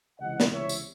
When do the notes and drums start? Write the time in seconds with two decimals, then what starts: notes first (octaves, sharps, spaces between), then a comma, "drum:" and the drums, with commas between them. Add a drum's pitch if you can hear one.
0.19 C#2 C3 E3 D#5 F#5
0.40 drum: snare
0.50 C#5 E5
0.69 drum: tambourine